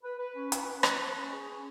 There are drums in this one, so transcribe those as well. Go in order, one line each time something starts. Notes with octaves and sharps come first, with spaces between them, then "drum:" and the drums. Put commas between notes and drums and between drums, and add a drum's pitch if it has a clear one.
B4
B4
C#4
B4, drum: hi-hat
B4
B4, drum: rim click
B4
C#4
G#4
C#4